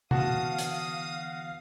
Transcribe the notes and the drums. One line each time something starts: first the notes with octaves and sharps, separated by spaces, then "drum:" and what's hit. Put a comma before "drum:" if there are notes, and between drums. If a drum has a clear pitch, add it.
D3 E3 B3 F#4 F5 A5 D#6, drum: tom C3
drum: hi-hat